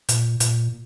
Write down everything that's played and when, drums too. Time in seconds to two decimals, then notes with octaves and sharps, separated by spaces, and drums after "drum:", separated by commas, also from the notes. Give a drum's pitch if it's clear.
0.09 A#2, drum: hi-hat
0.40 A#2, drum: hi-hat